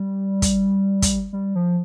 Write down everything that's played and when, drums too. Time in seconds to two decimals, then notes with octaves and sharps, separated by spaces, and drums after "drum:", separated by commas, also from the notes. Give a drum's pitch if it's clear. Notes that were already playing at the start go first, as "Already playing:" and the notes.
Already playing: G3
0.42 drum: kick, hi-hat
1.02 drum: kick, hi-hat
1.33 G3
1.55 F3